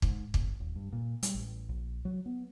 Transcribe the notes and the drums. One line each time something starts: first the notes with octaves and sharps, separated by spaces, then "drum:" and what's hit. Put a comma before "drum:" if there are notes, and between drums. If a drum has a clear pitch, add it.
G#2, drum: kick
G1, drum: kick
D#1
G2
A#2
G3, drum: hi-hat
A1
A#1
F#3
B3